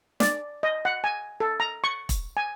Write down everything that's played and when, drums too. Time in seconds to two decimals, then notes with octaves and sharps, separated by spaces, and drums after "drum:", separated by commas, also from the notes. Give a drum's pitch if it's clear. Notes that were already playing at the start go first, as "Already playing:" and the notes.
0.20 D5, drum: snare
0.63 D#5
0.85 F#5
1.04 G#5
1.40 A4
1.60 A#5
1.84 C#6
2.09 drum: kick E1, hi-hat
2.37 G#5